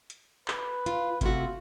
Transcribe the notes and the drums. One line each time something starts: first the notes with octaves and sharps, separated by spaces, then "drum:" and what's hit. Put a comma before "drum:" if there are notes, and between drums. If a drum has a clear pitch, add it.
drum: hi-hat
B4, drum: clap
F4, drum: hi-hat
C3 A3 F4 F#4, drum: kick G1, hi-hat